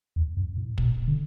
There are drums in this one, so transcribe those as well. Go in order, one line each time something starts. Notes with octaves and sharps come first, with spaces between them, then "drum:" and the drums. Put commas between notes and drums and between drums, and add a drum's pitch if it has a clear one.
E2
F#2
A2
B2, drum: kick
D3